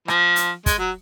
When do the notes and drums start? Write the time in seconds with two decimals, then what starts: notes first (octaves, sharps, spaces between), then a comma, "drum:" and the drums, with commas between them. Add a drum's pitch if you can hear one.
0.08 F3, drum: rim click
0.36 drum: hi-hat
0.66 G#3, drum: kick, hi-hat
0.79 F#3